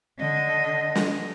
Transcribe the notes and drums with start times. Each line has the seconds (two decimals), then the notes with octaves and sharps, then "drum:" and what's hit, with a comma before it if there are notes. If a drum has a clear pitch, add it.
0.19 D3 D#5
0.95 drum: snare